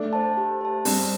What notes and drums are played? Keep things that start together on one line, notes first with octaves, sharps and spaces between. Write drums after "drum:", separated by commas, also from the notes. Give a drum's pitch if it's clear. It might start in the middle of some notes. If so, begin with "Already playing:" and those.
Already playing: A3 D4
C5 A5
G4
C5 A5
G3 C4 D4, drum: open hi-hat